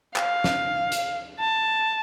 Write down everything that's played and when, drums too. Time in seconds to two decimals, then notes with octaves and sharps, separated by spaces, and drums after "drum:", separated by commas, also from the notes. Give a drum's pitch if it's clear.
0.16 F5, drum: clap
0.44 drum: snare
0.92 drum: hi-hat
1.40 A5